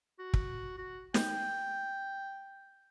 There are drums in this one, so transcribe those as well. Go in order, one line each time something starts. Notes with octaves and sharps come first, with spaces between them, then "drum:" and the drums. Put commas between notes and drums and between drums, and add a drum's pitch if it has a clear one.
F#4
drum: kick
F#4
G5, drum: snare